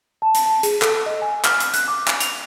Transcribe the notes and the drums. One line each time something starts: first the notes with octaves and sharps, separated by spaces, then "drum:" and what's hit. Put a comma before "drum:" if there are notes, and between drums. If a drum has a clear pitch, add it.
A5
drum: hi-hat
A5
G#4, drum: hi-hat
A4, drum: clap
D#5
G#5
F6, drum: clap
drum: hi-hat
F#6, drum: hi-hat
D6
drum: clap
F7, drum: hi-hat